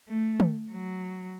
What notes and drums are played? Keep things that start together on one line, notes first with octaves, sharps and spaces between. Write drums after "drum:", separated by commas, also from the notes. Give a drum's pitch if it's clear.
A3
drum: tom
F#3